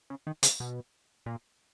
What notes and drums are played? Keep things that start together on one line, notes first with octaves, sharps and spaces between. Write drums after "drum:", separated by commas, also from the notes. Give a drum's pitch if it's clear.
C#3
D#3
C#3, drum: hi-hat
B2
A#2